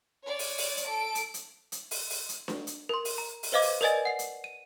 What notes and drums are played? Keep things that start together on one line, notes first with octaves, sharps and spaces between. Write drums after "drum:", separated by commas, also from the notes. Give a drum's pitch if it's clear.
C#5 D5
drum: open hi-hat
drum: open hi-hat
drum: hi-hat
A4 D7
drum: hi-hat
drum: hi-hat
drum: hi-hat
drum: open hi-hat
drum: open hi-hat
drum: hi-hat
drum: snare D4
drum: hi-hat
A#4 C6
drum: open hi-hat
A#5
drum: open hi-hat
B4 C5 D#5 F5 D6 G#6
drum: open hi-hat
A#4 B4 D5 D#5 G#5 A6
F#5 C7
drum: hi-hat
D#7